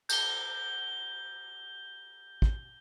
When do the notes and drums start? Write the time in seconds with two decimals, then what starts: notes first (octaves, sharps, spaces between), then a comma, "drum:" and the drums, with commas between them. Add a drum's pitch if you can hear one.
0.09 G6 G7, drum: cymbal
2.42 drum: kick